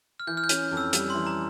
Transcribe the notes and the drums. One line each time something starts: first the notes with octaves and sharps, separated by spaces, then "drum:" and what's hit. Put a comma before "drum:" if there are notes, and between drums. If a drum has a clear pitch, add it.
F6
E3 G6
F6
G6
C#4, drum: hi-hat
F2
E6
G3, drum: hi-hat
E3 C6
A#5